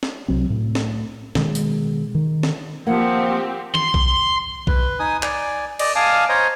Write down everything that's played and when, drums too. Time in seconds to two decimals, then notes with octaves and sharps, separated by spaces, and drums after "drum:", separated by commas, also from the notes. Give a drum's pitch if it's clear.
0.03 drum: snare
0.28 C2 F#3 C4
0.50 A2
0.75 drum: snare
1.35 B2 D#3 G#3, drum: snare
1.55 drum: hi-hat
2.15 D#3
2.43 drum: snare
2.87 F3 A#3 C4 G4 F#5
3.75 C6, drum: tom D#3
3.94 drum: kick B1
4.67 B4, drum: kick B1
4.99 D#4 G#5 D#6
5.23 D5 G#5, drum: clap
5.79 D5 D#5, drum: cymbal
5.96 F5 G#5 A5 D6 D#6 F6
6.29 C5 C#5 D#5 A#5